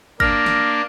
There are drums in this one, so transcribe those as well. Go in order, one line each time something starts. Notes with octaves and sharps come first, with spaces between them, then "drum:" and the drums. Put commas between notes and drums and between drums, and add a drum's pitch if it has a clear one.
A#3 D4 F6 A#6, drum: kick
drum: snare